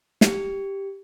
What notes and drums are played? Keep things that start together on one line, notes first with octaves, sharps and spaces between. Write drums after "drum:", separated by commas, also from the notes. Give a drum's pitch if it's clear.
G4, drum: snare